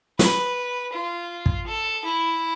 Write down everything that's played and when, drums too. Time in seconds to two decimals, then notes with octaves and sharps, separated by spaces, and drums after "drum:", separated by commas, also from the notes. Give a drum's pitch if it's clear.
0.19 B4, drum: snare
0.93 F4
1.46 drum: kick
1.67 A4
2.04 E4